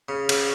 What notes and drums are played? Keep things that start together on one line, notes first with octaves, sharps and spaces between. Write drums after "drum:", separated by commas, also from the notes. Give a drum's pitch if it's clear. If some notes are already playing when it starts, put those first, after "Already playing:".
C#3
C#3, drum: cymbal